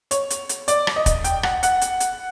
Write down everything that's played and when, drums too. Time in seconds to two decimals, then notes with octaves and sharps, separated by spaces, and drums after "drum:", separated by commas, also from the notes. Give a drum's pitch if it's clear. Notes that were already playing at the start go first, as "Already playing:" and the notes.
0.11 C#5, drum: hi-hat
0.30 drum: hi-hat
0.49 drum: hi-hat
0.68 D5, drum: hi-hat
0.87 drum: rim click
0.96 D#5
1.06 drum: kick, hi-hat
1.24 G5, drum: hi-hat
1.43 F#5, drum: rim click
1.63 F#5, drum: hi-hat
1.81 drum: hi-hat
2.00 drum: hi-hat